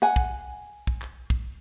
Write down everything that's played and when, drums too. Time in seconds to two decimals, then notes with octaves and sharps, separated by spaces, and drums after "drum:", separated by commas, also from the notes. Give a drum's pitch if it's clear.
0.02 F#5 G#5
0.16 drum: kick
0.87 drum: kick
1.02 drum: clap
1.30 drum: kick